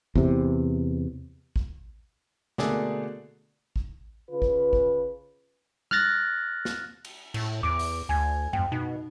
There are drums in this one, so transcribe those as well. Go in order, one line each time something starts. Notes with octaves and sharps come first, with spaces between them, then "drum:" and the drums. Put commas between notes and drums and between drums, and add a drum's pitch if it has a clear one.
E2 C3, drum: kick A1
drum: kick A1
B2 D3 A3 A#3 G#4 D5, drum: snare
drum: kick A1
C#3 F4 B4
drum: kick A1
drum: kick A1
F6 F#6 A6 A#6, drum: tom G3
drum: snare
drum: cymbal
A2, drum: cymbal
E2 D6 D7
drum: open hi-hat
D2 G#5 G#6
F2 G5, drum: tom F#2
B2 D#4